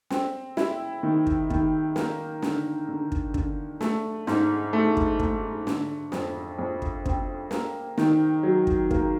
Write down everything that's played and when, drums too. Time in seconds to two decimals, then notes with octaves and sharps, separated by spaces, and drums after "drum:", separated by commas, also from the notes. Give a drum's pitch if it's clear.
0.10 C4, drum: snare
0.57 E4, drum: snare
1.03 D#3
1.27 drum: kick
1.50 D#3, drum: kick
1.96 A#3, drum: snare
2.42 D3, drum: snare
2.89 D3
3.12 drum: kick
3.34 D3, drum: kick
3.81 A3, drum: snare
4.27 G#2, drum: snare
4.73 A3
4.97 drum: kick
5.20 A3, drum: kick
5.67 D3, drum: snare
6.12 F2, drum: snare
6.59 F2
6.82 drum: kick
7.06 C4, drum: kick
7.51 A#3, drum: snare
7.98 D#3, drum: snare
8.43 F#3
8.67 drum: kick
8.91 A#3, drum: kick